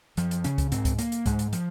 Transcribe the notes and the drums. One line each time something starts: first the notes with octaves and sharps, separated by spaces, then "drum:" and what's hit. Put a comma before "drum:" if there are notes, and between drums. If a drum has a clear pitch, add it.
F#2 F3, drum: hi-hat
drum: hi-hat
C#3 C#4, drum: hi-hat
drum: kick C#2, hi-hat
G#2 C4, drum: hi-hat
drum: kick C#2, hi-hat
A#3, drum: hi-hat
drum: hi-hat
G#2 G#3, drum: kick C#2, hi-hat
drum: hi-hat
F3, drum: hi-hat